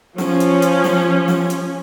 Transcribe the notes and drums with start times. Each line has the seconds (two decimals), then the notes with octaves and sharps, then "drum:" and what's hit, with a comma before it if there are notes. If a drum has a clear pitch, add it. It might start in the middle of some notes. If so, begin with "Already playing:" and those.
0.18 F3 C#4, drum: snare
0.40 drum: hi-hat
0.62 drum: hi-hat
0.84 drum: snare
1.28 drum: snare
1.50 drum: hi-hat